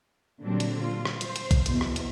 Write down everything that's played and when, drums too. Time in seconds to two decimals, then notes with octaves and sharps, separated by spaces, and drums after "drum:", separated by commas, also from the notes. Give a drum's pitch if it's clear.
0.40 A#2 D3 F#3 G3 C4 D4
0.60 drum: hi-hat
0.81 F4
1.05 drum: rim click
1.21 C5, drum: hi-hat
1.36 drum: hi-hat
1.51 drum: kick A#1, hi-hat
1.66 E2 B2, drum: hi-hat
1.81 drum: rim click
1.96 drum: hi-hat